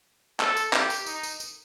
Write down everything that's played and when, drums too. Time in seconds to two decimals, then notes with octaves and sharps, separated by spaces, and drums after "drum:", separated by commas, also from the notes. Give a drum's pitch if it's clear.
0.40 A4, drum: clap
0.57 drum: tambourine
0.73 G4, drum: clap
0.90 drum: tambourine
1.06 D#4, drum: tambourine
1.23 drum: tambourine
1.40 drum: tambourine